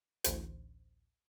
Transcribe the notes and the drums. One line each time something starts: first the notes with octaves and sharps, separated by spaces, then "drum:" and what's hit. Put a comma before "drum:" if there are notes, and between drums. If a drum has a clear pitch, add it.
A1 D2 A2 C5, drum: hi-hat